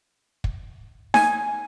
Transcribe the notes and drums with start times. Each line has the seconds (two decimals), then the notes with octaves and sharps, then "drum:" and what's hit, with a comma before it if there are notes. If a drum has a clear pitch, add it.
0.44 drum: kick
1.14 G#5, drum: snare D#4